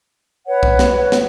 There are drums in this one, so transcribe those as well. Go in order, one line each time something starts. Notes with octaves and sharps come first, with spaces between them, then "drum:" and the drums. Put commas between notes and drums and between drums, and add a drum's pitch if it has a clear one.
B4 C#5 F#5
drum: kick
drum: snare
drum: snare